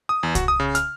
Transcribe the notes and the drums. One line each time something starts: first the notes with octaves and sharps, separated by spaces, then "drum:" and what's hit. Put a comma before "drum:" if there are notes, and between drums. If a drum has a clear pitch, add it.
D#6
E2
F#4, drum: kick C2, hi-hat
D#6
C#3
F6, drum: hi-hat